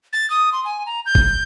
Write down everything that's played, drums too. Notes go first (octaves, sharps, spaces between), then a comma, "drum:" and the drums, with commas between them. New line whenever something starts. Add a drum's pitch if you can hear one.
A6
D#6
C6
G#5
A#5
G6
drum: kick G#1